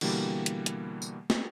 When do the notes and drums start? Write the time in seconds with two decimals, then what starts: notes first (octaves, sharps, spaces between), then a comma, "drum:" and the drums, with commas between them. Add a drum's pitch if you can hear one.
0.01 B2 D3 E3 G3 A#3 G4, drum: cymbal
0.46 drum: hi-hat
0.66 drum: hi-hat
1.02 drum: tambourine
1.30 drum: snare